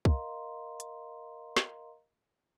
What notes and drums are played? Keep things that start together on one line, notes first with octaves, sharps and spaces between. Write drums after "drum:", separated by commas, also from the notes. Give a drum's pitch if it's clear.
A#4 D#5 F5 A#5 C6, drum: kick
drum: hi-hat
drum: snare